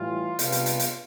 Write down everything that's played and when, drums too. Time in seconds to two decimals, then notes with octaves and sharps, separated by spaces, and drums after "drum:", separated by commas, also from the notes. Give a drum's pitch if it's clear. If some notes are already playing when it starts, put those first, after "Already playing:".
Already playing: A2 E3 G3 F4
0.39 C3 G3 B3 D4 F4, drum: hi-hat
0.52 drum: hi-hat
0.66 drum: hi-hat
0.79 drum: hi-hat